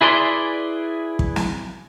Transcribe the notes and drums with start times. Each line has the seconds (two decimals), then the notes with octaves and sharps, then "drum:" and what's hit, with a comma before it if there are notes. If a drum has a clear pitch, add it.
0.01 E4 G#4 B4 D5 C6
1.19 drum: kick
1.36 drum: snare